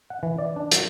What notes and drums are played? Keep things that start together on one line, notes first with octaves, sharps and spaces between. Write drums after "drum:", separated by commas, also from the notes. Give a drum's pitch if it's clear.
F#5
E3
D5
D4
F#3, drum: hi-hat